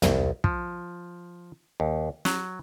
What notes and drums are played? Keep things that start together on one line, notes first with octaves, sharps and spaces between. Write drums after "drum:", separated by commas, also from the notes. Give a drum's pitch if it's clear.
C2, drum: tom
F3, drum: kick
D#2
F#3, drum: snare